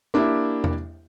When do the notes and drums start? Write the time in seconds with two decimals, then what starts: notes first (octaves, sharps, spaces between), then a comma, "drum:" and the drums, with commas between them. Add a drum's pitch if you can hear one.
0.14 A#3 D4 E4 G4 E5
0.64 drum: tom E2